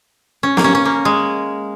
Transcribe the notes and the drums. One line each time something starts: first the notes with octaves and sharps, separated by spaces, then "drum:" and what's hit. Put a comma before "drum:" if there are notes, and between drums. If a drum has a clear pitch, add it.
C#4
A#3, drum: snare
C#4
C#4
A#3
G#3